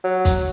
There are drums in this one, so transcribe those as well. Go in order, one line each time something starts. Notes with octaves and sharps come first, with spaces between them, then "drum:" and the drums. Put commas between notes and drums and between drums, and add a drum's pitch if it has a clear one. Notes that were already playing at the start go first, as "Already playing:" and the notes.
F#3
drum: kick, hi-hat